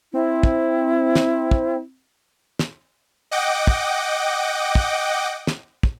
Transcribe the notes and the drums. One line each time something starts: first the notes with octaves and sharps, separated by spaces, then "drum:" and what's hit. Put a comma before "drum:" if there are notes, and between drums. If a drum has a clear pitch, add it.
C4 E4
drum: kick
drum: snare
drum: kick
drum: snare
D#5 F#5 G5 D6
drum: kick
drum: kick
drum: snare
drum: kick